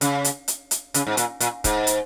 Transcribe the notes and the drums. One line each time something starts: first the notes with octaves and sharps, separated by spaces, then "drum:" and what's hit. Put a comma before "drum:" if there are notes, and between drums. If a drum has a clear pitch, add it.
C#3, drum: hi-hat
drum: hi-hat
drum: hi-hat
drum: hi-hat
C#3, drum: hi-hat
G#2
A#2, drum: hi-hat
A#2, drum: hi-hat
G#2, drum: kick, hi-hat
drum: hi-hat